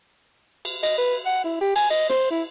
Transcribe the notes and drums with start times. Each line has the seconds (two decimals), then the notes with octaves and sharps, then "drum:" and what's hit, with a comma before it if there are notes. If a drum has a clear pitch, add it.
0.65 drum: cymbal
0.83 D#5, drum: cymbal
0.98 B4
1.26 F#5
1.44 E4
1.61 G4
1.76 G#5, drum: cymbal
1.91 D#5, drum: cymbal
2.10 C5, drum: snare
2.31 E4